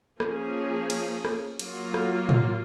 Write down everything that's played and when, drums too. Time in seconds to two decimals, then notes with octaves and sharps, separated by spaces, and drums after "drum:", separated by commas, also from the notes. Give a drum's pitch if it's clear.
0.20 F3 A#3 C#4 G#4, drum: rim click
0.90 drum: cymbal
1.25 drum: rim click
1.59 F#3 A#3 F4, drum: cymbal
1.94 drum: rim click
2.29 drum: tom